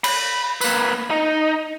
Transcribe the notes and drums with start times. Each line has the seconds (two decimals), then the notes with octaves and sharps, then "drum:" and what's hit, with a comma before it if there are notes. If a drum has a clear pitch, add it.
0.04 B5, drum: cymbal
0.61 A#3 B4, drum: tambourine
1.10 D#4